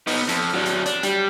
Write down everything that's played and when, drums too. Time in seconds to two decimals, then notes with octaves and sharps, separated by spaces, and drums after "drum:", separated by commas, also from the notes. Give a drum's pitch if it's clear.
0.07 B3 D#4, drum: open hi-hat
0.29 F2, drum: hi-hat
0.54 F#3 D4
0.66 drum: hi-hat
0.86 D4, drum: hi-hat
1.03 G3, drum: hi-hat